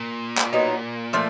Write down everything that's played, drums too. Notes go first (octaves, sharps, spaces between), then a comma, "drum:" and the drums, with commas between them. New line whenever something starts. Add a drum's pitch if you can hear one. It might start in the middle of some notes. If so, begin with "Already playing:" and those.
Already playing: A#2
drum: clap
F#3 B3 D#4
F3 A3 D4